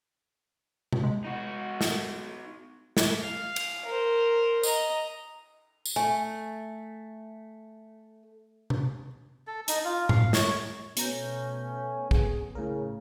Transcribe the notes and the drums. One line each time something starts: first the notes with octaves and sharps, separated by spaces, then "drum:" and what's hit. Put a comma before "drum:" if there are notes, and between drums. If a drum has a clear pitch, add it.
drum: tom C3
G#3
D#4 F#4
drum: snare
drum: snare
F5
drum: cymbal
A#4 C5
D#5 A#5, drum: tambourine
drum: tambourine
A3 G#5
drum: tom C3
A4
D#4, drum: hi-hat
F4
F5, drum: tom A2
C#5, drum: snare
B2 A3 B3 C#4 A#5 G6, drum: hi-hat
B3 G#4, drum: kick
A2 C#3 A#4